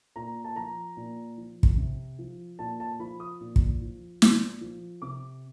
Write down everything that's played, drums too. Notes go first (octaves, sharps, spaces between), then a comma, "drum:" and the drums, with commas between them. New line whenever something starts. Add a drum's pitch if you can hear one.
A#2 A#5
A5
F3 A#5
A#2
F3
drum: kick
C3
F3
A#2 A5
A5
F3 B5
D#6
A#2
drum: kick
F3
A#2, drum: snare
F3
C3 D6